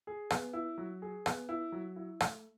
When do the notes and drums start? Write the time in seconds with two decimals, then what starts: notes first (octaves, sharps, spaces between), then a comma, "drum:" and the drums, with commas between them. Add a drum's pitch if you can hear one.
0.07 G#4
0.30 B3, drum: rim click
0.53 E4
0.78 F#3
1.02 G#4
1.26 B3, drum: rim click
1.49 E4
1.72 F#3
1.96 E4
2.20 A3, drum: rim click